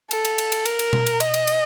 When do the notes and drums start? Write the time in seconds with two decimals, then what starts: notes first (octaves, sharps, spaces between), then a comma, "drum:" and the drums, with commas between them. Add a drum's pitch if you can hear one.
0.11 A4, drum: cymbal
0.25 drum: cymbal
0.38 drum: cymbal
0.52 drum: cymbal
0.65 A#4, drum: cymbal
0.79 drum: cymbal
0.93 drum: tom B2
1.06 drum: cymbal
1.20 D#5, drum: cymbal
1.34 drum: cymbal
1.47 drum: cymbal